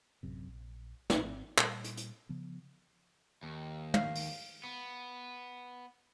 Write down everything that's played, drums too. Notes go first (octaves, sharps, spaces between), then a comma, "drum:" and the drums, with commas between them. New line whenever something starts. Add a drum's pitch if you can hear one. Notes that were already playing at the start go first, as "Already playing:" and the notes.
A1 F#2 C3
A#1
G#1 C4, drum: snare
A#2 G3, drum: clap
drum: hi-hat
drum: hi-hat
C#3 F3 B3
D#2
F5, drum: tom
drum: open hi-hat
B3